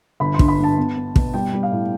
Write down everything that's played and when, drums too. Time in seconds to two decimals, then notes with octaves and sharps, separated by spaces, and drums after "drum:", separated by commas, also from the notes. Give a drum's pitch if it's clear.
0.20 G1 B5
0.34 C6
0.39 G2, drum: kick
0.48 B5
0.59 G2 A5
0.78 B3
0.96 B3
1.16 B2, drum: kick
1.34 G3 G5
1.53 G3
1.63 F5
1.71 A2